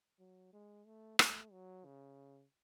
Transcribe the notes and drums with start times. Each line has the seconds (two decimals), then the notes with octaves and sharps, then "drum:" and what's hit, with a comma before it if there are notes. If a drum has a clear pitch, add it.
0.19 F#3
0.53 G#3
0.86 A3
1.19 A3, drum: rim click
1.52 F#3
1.85 C#3